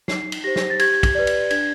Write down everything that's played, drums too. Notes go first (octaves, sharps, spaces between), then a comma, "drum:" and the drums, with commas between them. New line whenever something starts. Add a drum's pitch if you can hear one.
D#4 C7, drum: snare
drum: cymbal
G4 C5 A#6
drum: snare
A6
G4 G#6, drum: cymbal
drum: kick, cymbal
B4 D5
drum: cymbal
D4 G#6, drum: cymbal